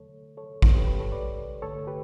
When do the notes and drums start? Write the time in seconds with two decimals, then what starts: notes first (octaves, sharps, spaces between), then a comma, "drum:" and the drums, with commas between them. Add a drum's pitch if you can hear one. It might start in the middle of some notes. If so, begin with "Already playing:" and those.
Already playing: E2 D3 F#3 A3 A4 C#5
0.37 A4 C#5
0.62 F#2 E3 G3 A4 C#5, drum: kick
0.75 G4 B4
0.87 G4 B4
1.00 A4 C#5
1.12 B4 D5
1.62 G2 D3 A3 A4 C#5
1.87 G4 B4